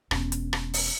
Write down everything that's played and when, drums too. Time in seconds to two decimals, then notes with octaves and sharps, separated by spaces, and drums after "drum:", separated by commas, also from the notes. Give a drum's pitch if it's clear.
0.11 E1 C#4, drum: rim click
0.32 drum: hi-hat
0.53 drum: rim click
0.74 drum: open hi-hat